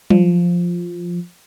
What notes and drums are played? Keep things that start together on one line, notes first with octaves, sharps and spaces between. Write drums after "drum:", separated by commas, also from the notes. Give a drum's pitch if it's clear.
F3, drum: tom F#3